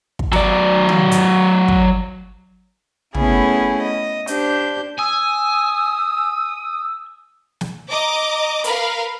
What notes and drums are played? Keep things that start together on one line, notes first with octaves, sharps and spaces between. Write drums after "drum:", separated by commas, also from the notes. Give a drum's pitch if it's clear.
drum: kick
F#3 D5, drum: snare
drum: tom D#3
drum: hi-hat
drum: kick
A3 B3 C#4 E4 G#4, drum: tom
D#5
D4 G4 C5 G6, drum: hi-hat
G#5 D#6 E6
drum: snare
D#5 A#5 D6
A#4 B4 F5 B5, drum: hi-hat